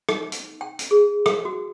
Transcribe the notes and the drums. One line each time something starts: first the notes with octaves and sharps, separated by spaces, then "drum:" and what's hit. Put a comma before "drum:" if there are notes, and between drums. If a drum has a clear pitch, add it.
D#4, drum: rim click
drum: hi-hat
G5
drum: hi-hat
G#4
drum: rim click
F#4